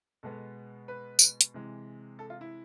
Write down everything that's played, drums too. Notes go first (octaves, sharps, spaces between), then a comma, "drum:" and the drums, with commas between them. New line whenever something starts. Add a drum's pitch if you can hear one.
B2 G#3 B3 A4
B4
drum: tambourine
drum: hi-hat
C3 E3 G#3
A4
F4
E4